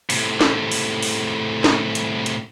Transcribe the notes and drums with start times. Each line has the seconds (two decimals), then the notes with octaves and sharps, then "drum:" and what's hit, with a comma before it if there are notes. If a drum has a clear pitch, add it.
0.10 A2 C3, drum: open hi-hat
0.41 drum: snare
0.72 drum: open hi-hat
1.02 drum: open hi-hat
1.64 drum: snare
1.95 drum: hi-hat
2.26 drum: hi-hat